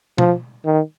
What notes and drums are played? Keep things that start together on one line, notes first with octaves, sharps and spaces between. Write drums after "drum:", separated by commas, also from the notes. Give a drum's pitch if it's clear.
F3, drum: tom B2
D#3